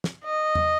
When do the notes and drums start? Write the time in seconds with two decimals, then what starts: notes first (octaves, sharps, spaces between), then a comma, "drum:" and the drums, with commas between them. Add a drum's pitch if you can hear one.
0.04 drum: snare
0.24 D#5
0.55 drum: tom E2